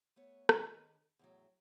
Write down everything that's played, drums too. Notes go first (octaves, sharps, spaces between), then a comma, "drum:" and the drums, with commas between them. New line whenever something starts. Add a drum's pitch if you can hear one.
A3 B3 C#5
D#3 D4 G#4 B4 D#5, drum: rim click
E2 A2 F#3